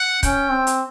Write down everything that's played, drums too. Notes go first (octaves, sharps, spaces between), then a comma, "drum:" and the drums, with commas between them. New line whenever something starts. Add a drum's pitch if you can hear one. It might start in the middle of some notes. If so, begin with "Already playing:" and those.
Already playing: F#5
C#4 G5, drum: kick C#1, hi-hat
C4
drum: hi-hat